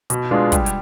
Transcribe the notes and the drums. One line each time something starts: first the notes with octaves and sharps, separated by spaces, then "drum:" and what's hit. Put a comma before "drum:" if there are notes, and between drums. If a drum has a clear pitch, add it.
B2, drum: hi-hat
G#3 B3 D4 F4
G3, drum: kick, hi-hat
drum: hi-hat